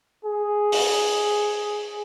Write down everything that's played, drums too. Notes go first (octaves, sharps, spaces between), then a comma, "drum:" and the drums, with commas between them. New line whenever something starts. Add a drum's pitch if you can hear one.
G#4
drum: open hi-hat